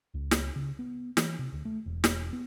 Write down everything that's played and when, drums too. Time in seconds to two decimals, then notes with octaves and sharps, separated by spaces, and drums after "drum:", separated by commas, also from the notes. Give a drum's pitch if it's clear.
0.14 C#2
0.31 drum: snare
0.56 C#3
0.79 B3
1.17 E3, drum: snare
1.39 C3
1.53 D2
1.65 A3
1.86 E1
2.04 drum: snare
2.33 B3